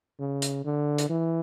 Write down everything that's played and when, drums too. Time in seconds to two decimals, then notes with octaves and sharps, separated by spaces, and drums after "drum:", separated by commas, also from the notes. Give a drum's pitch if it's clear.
0.19 C#3
0.42 drum: hi-hat
0.65 D3
0.98 drum: hi-hat
1.09 E3